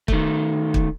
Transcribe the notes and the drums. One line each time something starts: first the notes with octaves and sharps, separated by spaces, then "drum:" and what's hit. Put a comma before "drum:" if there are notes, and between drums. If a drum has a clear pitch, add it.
D#3 A3, drum: kick
drum: kick